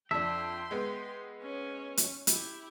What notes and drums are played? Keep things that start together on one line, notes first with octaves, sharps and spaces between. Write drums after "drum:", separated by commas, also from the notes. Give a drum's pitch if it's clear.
F2 D4 E5 G5 C6
G#3 B3
C#4
drum: hi-hat
E4 G4, drum: hi-hat